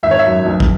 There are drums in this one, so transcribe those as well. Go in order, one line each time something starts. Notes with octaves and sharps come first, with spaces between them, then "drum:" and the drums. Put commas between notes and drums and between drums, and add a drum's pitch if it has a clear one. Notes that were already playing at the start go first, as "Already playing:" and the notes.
G#1 E5
C#5
E5
F#2 F#3
B1
drum: kick